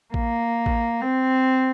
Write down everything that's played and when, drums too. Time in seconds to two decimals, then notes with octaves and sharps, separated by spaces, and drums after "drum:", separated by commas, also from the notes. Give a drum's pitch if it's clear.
0.14 A#3, drum: kick A1
0.66 drum: kick A1
1.02 C4